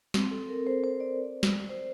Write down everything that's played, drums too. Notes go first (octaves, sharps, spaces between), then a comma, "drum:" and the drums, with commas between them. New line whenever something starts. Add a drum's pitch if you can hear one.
C4, drum: snare
A4
A#4
C5
C5
D5
drum: snare
C5